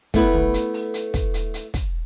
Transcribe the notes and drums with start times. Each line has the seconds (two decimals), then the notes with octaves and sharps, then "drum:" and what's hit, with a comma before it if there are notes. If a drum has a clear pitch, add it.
0.14 A3 B3 E4 B4, drum: kick, hi-hat
0.34 drum: tom
0.54 drum: hi-hat
0.74 drum: open hi-hat
0.94 drum: hi-hat
1.14 drum: kick, hi-hat
1.34 drum: hi-hat
1.54 drum: hi-hat
1.74 drum: kick, hi-hat